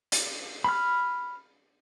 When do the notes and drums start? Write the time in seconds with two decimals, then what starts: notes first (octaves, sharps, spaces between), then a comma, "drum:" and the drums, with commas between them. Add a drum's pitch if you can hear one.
0.12 drum: hi-hat
0.64 B5 F6